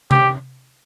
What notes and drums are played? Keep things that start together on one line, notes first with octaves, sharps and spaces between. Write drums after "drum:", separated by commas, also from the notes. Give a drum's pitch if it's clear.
G4, drum: tom C3